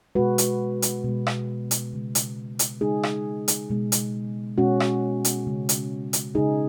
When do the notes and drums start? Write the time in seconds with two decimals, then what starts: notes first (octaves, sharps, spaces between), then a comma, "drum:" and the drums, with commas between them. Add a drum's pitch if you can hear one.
0.15 B2 G#3 F#4 B4
0.38 drum: hi-hat
0.82 drum: hi-hat
1.04 B2 G#3
1.27 drum: rim click
1.71 drum: hi-hat
1.93 C#3 G#3
2.15 drum: hi-hat
2.59 drum: hi-hat
2.81 C#3 G#3 D#4 G#4
3.03 drum: rim click
3.48 drum: hi-hat
3.70 B2 G#3
3.92 drum: hi-hat
4.58 B2 G#3 C#4 F#4
4.80 drum: rim click
5.25 drum: hi-hat
5.46 C#3 G#3
5.69 drum: hi-hat
6.13 drum: hi-hat
6.35 C#3 G#3 D#4 G#4